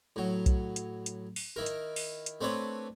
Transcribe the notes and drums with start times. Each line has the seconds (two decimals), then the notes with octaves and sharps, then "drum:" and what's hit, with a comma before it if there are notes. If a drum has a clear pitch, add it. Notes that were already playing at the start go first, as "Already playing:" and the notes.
0.16 A2 F#3
0.46 drum: kick B1, hi-hat
0.76 drum: hi-hat
1.06 drum: hi-hat
1.36 drum: open hi-hat
1.56 D#3 E4 A#4
1.66 drum: hi-hat
1.96 drum: open hi-hat
2.26 drum: hi-hat
2.41 A3 C4 D4 B4 C#5